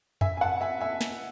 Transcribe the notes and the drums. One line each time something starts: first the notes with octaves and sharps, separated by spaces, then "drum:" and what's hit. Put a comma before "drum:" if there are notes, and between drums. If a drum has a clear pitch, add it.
E5 G#5, drum: tom F2
G#5
F#5 A5
E5 G#5
E5 G#5
drum: snare